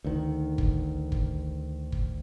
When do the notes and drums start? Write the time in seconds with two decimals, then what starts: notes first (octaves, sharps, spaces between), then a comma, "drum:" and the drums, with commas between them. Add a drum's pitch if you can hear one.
0.04 D2 D#3
0.58 drum: kick
1.12 drum: kick
1.92 drum: kick